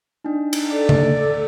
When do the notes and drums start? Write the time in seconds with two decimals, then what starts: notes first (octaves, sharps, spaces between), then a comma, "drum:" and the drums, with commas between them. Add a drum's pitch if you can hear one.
0.24 D4 D#4
0.53 drum: cymbal
0.71 A4 D5
0.89 drum: tom C#3